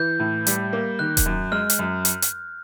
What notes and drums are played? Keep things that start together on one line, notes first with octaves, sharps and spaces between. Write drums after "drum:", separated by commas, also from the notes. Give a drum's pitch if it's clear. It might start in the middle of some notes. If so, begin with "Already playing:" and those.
Already playing: E3 G6
A2
G3, drum: hi-hat
A#3
D#3 F#6
drum: kick D#1, hi-hat
F#2
G#3 F6
drum: hi-hat
F#2
drum: hi-hat
drum: hi-hat